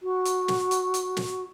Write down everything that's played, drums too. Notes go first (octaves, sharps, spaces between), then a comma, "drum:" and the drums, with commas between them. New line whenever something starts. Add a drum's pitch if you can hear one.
F#4
drum: hi-hat
drum: snare
drum: hi-hat
drum: hi-hat
drum: snare